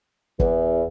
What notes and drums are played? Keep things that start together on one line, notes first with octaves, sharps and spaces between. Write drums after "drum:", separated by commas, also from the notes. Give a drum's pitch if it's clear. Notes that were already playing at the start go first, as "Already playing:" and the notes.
E2, drum: kick